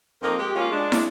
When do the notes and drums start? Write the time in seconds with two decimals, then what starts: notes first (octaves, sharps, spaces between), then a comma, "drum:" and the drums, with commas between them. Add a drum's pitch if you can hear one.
0.22 F2 A#3 D#4 F4 A#4
0.39 G#3 G4
0.55 G#3 A#3 C#4 F4
0.71 G#3 D4
0.92 drum: snare